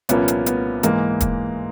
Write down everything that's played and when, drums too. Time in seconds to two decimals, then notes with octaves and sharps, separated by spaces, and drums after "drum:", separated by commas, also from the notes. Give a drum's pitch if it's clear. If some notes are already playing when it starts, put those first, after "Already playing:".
0.09 C2 A#2 F3 A#3 B3 C#4, drum: hi-hat
0.28 drum: hi-hat
0.46 B3, drum: hi-hat
0.83 G#2 E3 G#3 A#3, drum: hi-hat
1.20 drum: kick, hi-hat